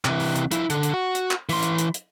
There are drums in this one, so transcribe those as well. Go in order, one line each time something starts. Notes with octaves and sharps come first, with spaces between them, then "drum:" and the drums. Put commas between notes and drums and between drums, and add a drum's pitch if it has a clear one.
C3 E3, drum: clap
drum: open hi-hat
drum: hi-hat
F3 E4, drum: hi-hat
D3, drum: hi-hat
drum: hi-hat
F#4
drum: hi-hat
drum: clap
E3 C6, drum: open hi-hat
drum: hi-hat
drum: hi-hat
drum: hi-hat